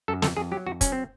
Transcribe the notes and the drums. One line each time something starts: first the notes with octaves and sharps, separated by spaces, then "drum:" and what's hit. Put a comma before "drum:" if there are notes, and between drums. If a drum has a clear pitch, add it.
F#2 A4
F2 A4, drum: snare
F2 G#4
F#3 G4
F2 F#4
F#3 C#4, drum: kick, hi-hat
C4